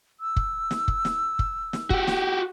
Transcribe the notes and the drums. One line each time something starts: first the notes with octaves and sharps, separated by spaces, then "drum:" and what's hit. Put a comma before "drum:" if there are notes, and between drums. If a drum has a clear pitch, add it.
E6
drum: kick
drum: snare
drum: kick
drum: snare
drum: kick
drum: snare
F#4 G4, drum: kick
drum: snare